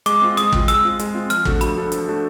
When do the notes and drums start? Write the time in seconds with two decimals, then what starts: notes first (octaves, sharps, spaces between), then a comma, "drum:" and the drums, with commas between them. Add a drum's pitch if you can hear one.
0.06 G#3 D6, drum: hi-hat
0.22 C4 F4
0.37 G#3 D#6, drum: hi-hat
0.52 C4 F4, drum: kick
0.68 G#3 E6, drum: hi-hat
0.84 C4 F4
0.99 G#3, drum: hi-hat
1.15 C4 F4
1.30 F3 F6, drum: hi-hat
1.45 A3 D4 F#4 A4, drum: kick
1.61 F3 B5, drum: hi-hat
1.77 A3 D4 F#4 A4
1.92 F3, drum: hi-hat
2.08 A3 D4 F#4 A4